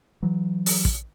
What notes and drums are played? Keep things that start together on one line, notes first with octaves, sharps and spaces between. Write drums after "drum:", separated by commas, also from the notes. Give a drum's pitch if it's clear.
E3 F#3
drum: open hi-hat
drum: kick